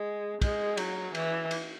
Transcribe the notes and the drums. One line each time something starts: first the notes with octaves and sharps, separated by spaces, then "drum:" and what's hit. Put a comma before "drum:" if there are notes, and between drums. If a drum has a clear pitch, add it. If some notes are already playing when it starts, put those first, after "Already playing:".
Already playing: G#3
G#3, drum: kick, cymbal
F#3, drum: cymbal
E3, drum: cymbal
drum: cymbal